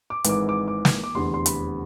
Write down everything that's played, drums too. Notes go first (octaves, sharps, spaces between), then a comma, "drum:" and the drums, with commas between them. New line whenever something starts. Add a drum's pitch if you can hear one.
D6
G#1 G#2 E3 D6, drum: hi-hat
D6
D6
drum: snare
D6
F1 E2 D3 C6
C6
B5, drum: hi-hat